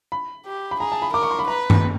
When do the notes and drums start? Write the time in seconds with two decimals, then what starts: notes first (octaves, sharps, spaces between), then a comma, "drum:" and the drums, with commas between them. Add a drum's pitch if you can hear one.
0.12 B5
0.45 G4
0.71 B5
0.80 G#4 A#5
0.92 A5
1.02 B5
1.14 A#4 D6
1.23 C#6
1.31 C6
1.39 B5
1.48 B4 A#5
1.70 drum: tom G2